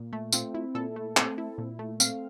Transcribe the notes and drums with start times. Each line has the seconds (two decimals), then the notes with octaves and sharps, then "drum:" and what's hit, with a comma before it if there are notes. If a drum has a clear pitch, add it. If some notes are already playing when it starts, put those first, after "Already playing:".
Already playing: A#2
0.13 A3
0.33 C4 F4, drum: tambourine
0.54 E4
0.75 A#2 A4
0.96 A3
1.17 C4, drum: clap
1.38 E4
1.58 A#2
1.79 A3
2.00 C4 F5, drum: tambourine